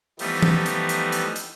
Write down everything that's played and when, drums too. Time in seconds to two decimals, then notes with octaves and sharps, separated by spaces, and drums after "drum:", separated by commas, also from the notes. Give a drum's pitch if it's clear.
0.19 E3 F3 G3 A3 B3 D#4, drum: open hi-hat
0.42 drum: tom E3
0.66 drum: hi-hat
0.89 drum: hi-hat
1.12 drum: hi-hat
1.36 drum: hi-hat